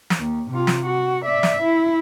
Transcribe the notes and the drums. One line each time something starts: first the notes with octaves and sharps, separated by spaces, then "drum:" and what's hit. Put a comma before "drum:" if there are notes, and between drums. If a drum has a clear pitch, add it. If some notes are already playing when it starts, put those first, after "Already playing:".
drum: snare
D#2
C3 F4
drum: snare
F#4
D5 E5
drum: snare
E4